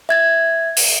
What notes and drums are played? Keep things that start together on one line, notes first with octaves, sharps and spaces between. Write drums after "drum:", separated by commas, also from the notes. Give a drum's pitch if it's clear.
E5 G#6 A6
drum: open hi-hat